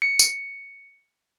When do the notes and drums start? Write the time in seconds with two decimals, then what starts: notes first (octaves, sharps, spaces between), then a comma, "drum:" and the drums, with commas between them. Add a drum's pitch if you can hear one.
0.02 C#7
0.19 drum: tambourine